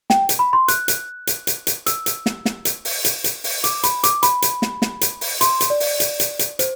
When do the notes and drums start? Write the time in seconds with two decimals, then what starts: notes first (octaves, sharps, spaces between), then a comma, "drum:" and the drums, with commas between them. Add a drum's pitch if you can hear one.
0.10 G5, drum: snare
0.29 drum: hi-hat
0.39 B5
0.53 C6
0.68 F#6, drum: hi-hat
0.88 drum: hi-hat
1.27 drum: hi-hat
1.47 drum: hi-hat
1.67 drum: hi-hat
1.86 E6, drum: hi-hat
2.06 drum: hi-hat
2.26 drum: snare
2.45 drum: snare
2.65 drum: hi-hat
2.85 drum: open hi-hat
3.05 drum: hi-hat
3.24 drum: hi-hat
3.44 drum: open hi-hat
3.64 D6, drum: hi-hat
3.83 B5, drum: hi-hat
4.03 D6, drum: hi-hat
4.23 B5, drum: hi-hat
4.42 drum: hi-hat
4.62 drum: snare
4.82 drum: snare
5.01 drum: hi-hat
5.21 drum: open hi-hat
5.41 C6, drum: hi-hat
5.61 drum: hi-hat
5.70 D5
5.80 drum: open hi-hat
6.00 drum: hi-hat
6.20 drum: hi-hat
6.39 drum: hi-hat
6.59 C5, drum: hi-hat